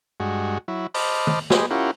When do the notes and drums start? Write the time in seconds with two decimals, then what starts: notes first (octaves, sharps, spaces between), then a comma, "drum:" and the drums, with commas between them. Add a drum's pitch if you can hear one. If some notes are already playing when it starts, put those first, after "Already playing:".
0.20 G2 G#3 F#4
0.68 F#3 E4
0.94 C5 D#5 A5 B5 D6 F6, drum: open hi-hat
1.27 drum: tom D#3
1.50 G4 G#4 B4 D#5 C6, drum: snare
1.71 C#4 E4 F4 G4 A#4 F#5